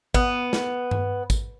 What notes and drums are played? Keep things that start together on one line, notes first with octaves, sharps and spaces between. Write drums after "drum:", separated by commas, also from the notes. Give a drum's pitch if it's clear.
B3, drum: kick
drum: snare
drum: tom G2
drum: kick, tambourine